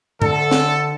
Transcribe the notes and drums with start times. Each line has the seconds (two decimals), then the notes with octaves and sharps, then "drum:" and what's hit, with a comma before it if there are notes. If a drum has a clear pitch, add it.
0.22 D3 A4, drum: tom G2
0.51 drum: snare